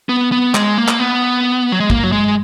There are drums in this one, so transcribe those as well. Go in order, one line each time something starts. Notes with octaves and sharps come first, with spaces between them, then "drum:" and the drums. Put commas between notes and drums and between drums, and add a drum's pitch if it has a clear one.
B3
B3
G#3, drum: clap
A#3
drum: clap
B3
F#3
G#3
A#3, drum: kick
F#3
G#3